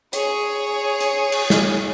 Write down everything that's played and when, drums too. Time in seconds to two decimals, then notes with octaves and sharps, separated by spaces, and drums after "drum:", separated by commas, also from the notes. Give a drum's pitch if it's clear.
0.13 G#4 C#5, drum: hi-hat
1.00 drum: hi-hat
1.32 drum: cymbal
1.50 drum: snare